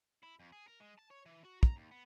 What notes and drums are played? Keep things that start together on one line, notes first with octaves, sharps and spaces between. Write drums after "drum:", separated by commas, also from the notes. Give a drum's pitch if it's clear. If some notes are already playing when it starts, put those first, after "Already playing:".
E4
F2
G#4
A#4
G#3
A5
C#5
E3
F#4
A#5, drum: kick
D#2
B3